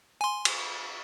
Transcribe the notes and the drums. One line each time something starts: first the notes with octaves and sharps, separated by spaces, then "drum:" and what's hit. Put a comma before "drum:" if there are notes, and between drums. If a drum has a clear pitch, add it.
G#5 C6
drum: cymbal